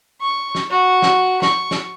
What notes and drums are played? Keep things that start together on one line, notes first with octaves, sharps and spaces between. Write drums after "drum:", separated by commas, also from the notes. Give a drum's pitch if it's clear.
C#6
drum: snare
F#4
drum: snare
C#6, drum: snare
drum: snare